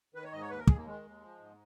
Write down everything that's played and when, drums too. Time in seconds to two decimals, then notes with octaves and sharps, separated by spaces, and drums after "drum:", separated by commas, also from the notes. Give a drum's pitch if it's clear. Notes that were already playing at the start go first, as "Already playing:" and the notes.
0.15 D#3 B4
0.24 C#5
0.32 G#2 D#5
0.41 C#5
0.50 D#2 B4
0.59 A#4
0.67 D#2 G#4, drum: kick
0.77 A#3
0.86 D#3 G#3
1.03 D#2
1.22 F3
1.38 G#2